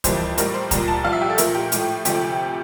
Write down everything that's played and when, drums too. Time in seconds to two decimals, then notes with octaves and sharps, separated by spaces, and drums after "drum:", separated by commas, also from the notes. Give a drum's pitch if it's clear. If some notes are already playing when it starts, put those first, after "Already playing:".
0.04 F2 E3 G3 A#3 C5, drum: kick C#2, hi-hat
0.38 A2 G3 A#3 A#4, drum: hi-hat
0.54 C5
0.71 C2 A#2 G3 A#3 A#5, drum: kick C#2, hi-hat
0.88 A5
1.04 C2 A#2 F3 F5
1.13 E5
1.22 G4
1.30 A4
1.38 A#2 F3 A3 A#4, drum: hi-hat
1.55 G4
1.72 A2 F3 A3, drum: hi-hat
2.05 D2 C3 F3 A3 G4, drum: hi-hat